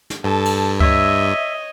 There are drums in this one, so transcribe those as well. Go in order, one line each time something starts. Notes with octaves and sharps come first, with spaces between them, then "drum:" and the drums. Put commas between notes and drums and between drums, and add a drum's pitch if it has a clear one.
drum: snare
G2 A4 A5
drum: cymbal
C#5 D#5 E5, drum: kick C#2